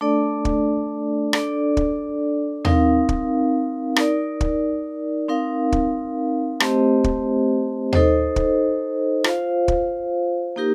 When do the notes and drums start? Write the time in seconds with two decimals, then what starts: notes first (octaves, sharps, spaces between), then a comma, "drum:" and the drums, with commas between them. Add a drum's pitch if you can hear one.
0.01 A3 D4 A4 D5
0.45 drum: kick
1.33 D4 A4 D5, drum: rim click
1.77 drum: kick
2.65 C4 D#4 A#4 F5, drum: tom D#2
3.09 drum: kick
3.96 D#4 A#4 D5, drum: rim click
4.41 drum: kick
5.28 C4 D#4 A#4 F5
5.72 drum: kick
6.60 A3 C4 G4 C5 D#5, drum: rim click
7.04 drum: kick
7.93 D#4 A4 C5 D#5, drum: tom D#2
8.36 drum: kick
9.24 F4 C5 F5, drum: rim click
9.68 drum: kick
10.56 A#3 D#4 G4 A#4